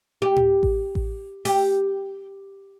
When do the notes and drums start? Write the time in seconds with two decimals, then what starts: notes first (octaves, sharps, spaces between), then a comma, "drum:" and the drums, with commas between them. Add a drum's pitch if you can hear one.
0.22 G4
0.36 drum: tom A2
0.63 drum: kick A1
0.95 drum: kick A1
1.45 G4, drum: open hi-hat